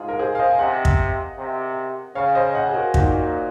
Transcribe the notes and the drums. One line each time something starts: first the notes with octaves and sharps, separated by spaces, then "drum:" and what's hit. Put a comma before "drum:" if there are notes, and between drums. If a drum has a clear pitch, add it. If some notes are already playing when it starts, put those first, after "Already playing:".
Already playing: G#2 F4 G#4
A#4
G#4 C5
F5
C5 D#5
G#5
C3 D#5 F#5
drum: kick
C3
C#3 C#5 F5
C5 D#5
D#5 F#5
G#4
F#4 A#4
A#2 D#4 F#4, drum: kick